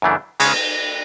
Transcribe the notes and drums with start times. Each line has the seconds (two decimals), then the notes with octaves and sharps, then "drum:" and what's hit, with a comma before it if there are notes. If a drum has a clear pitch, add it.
0.02 F#2 C#3 E3 A3 D4
0.40 C#3 G#3 C#4 G#4, drum: cymbal